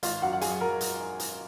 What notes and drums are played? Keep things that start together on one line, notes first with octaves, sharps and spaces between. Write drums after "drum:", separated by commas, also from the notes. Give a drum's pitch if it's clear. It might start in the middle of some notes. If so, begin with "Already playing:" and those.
G#1 F4 F5, drum: hi-hat
F#2 F#4 F#5
F#5
F#3 G#4 G#5, drum: hi-hat
F#3 A#4 A#5
drum: hi-hat
drum: hi-hat